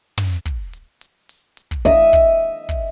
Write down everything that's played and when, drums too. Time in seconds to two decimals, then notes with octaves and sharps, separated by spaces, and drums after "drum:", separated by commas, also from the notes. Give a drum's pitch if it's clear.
0.18 drum: tom
0.45 drum: kick, hi-hat
0.73 drum: hi-hat
1.01 drum: hi-hat
1.29 drum: open hi-hat
1.57 drum: hi-hat
1.71 drum: kick
1.85 D#5 E5, drum: kick, hi-hat
2.13 drum: kick, hi-hat
2.69 drum: kick, hi-hat